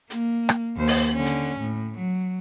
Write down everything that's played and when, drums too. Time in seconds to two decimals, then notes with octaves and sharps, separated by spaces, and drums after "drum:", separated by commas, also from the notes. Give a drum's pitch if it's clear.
0.10 A#3, drum: hi-hat
0.49 drum: rim click
0.76 D#2 C5
0.87 drum: open hi-hat
1.13 D3 C#4
1.26 drum: hi-hat
1.60 A2
1.97 F#3